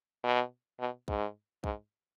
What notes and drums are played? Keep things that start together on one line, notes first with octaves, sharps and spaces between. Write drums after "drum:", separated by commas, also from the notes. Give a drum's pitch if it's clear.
B2
B2
G#2, drum: kick
G#2, drum: kick